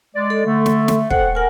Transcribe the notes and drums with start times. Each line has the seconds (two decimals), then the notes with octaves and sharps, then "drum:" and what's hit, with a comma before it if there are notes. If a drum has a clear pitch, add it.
0.16 G#3 D5
0.30 A4
0.46 D3 A3
0.66 drum: snare
0.88 drum: snare
1.10 A4 C5 F#5 G5, drum: kick
1.35 A#4 F#5 G#5